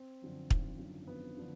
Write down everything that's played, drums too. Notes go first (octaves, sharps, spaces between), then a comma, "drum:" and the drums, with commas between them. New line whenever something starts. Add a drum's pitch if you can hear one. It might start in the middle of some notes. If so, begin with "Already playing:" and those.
Already playing: C4
F#2 D3 F3
G#1, drum: kick
F#2 D3 F3
G#1 B3
D3 F3